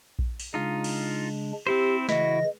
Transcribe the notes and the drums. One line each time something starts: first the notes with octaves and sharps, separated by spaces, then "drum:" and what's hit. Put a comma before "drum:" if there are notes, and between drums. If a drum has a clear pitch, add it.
drum: kick A#1
drum: open hi-hat
C#3 G#3 D4 D#4 F4
drum: cymbal
C4 E4 G4 C5
C#3 E3 E4 F#4 D#5 A#6, drum: snare